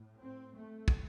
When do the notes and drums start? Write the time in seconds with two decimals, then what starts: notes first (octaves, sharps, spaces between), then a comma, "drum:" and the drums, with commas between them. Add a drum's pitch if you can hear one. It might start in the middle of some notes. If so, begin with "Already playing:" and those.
Already playing: A2
0.20 C4
0.54 A3
0.88 drum: kick